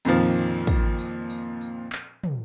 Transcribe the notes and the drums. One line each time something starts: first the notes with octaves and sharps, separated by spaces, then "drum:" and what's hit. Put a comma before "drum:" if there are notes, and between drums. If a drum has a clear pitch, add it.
F2 A#2 D#3 F3, drum: tambourine
drum: kick, tambourine
drum: tambourine
drum: tambourine
drum: tambourine
drum: clap
drum: tom